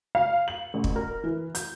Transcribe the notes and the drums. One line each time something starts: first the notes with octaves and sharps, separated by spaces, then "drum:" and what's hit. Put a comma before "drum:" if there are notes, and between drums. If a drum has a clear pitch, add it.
F5
F#7
A1
drum: kick
A#4
E3
G6, drum: hi-hat